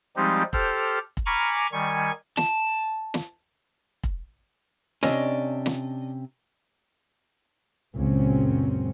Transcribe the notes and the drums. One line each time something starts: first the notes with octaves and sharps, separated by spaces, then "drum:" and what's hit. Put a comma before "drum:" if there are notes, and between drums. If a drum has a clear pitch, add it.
F3 G3 G#3 C4 D#4 G4
G4 A4 C5 F6, drum: kick
drum: kick
G#5 A#5 B5 C#6 D6 F6
D#3 G3 G#5 C#6 G#6
A5, drum: snare
drum: snare
drum: kick
C3 C#4 D4 D#5, drum: snare
drum: snare
C#2 F#2 A#2 F#3 C4 C#4